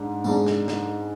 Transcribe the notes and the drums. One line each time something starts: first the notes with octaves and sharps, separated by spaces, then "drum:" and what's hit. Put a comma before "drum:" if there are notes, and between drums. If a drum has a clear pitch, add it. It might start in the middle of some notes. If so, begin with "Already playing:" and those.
Already playing: G#2 G#3 D4
G#2 G#3 D4, drum: tambourine
drum: snare
drum: snare